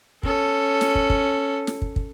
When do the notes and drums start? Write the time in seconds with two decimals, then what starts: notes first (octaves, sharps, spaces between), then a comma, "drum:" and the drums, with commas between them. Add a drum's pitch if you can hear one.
0.23 C#4 A4, drum: kick
0.81 drum: snare
0.95 drum: kick
1.10 drum: kick
1.67 drum: snare
1.82 drum: kick
1.96 drum: kick